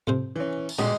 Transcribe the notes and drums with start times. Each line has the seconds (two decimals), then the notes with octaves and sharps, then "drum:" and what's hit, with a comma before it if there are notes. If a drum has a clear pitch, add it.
0.07 F2 C3 C5, drum: tom G#2
0.36 E3 C#4
0.69 drum: cymbal
0.78 G1 A#2 G#3 F#4 G4 D#5